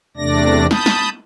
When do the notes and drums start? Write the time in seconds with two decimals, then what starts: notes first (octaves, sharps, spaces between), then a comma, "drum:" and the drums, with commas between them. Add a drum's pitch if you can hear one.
0.17 E2 C3 A3 D4 D5 A#6
0.71 A5 B5 D#6 G6, drum: snare
0.86 drum: snare